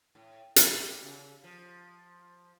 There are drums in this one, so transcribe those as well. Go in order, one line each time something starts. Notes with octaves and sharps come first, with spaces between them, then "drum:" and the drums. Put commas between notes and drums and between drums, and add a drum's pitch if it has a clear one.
A2
G3, drum: hi-hat
C#3
F3